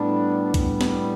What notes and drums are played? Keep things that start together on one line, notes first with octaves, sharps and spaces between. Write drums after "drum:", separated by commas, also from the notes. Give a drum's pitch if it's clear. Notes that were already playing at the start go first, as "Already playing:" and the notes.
Already playing: A2 G3 B3 D4
A2 G3 B3 D4, drum: kick C2, hi-hat
drum: snare